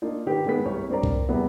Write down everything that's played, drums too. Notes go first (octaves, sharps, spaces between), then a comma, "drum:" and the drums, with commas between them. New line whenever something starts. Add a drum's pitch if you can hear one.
A#3 D4 D#4 F4
D#3 G4 B4
D#3 G#3 B3 B6
C2 C#5
G2 C4 A#4 C5 D5 A#5
drum: kick C2
E2 C3 G3 B3